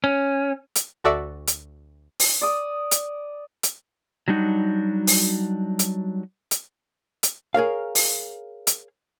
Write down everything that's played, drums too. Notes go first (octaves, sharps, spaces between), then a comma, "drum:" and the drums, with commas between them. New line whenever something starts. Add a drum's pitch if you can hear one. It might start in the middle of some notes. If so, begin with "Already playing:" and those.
C#4
drum: hi-hat
D2 F#4 A4 D5 E5 E6
drum: hi-hat
drum: open hi-hat
D5 D#6
drum: hi-hat
drum: hi-hat
F#3 G3 D4 D#4 F#4
drum: open hi-hat
drum: hi-hat
drum: hi-hat
drum: hi-hat
G#4 A#4 C#5 F5
drum: open hi-hat
drum: hi-hat